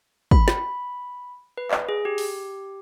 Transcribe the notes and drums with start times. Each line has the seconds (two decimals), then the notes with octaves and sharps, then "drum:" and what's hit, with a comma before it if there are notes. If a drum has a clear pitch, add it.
0.31 B5, drum: kick
0.48 drum: snare
1.58 B4
1.71 drum: clap
1.89 G#4
2.05 G4
2.18 drum: open hi-hat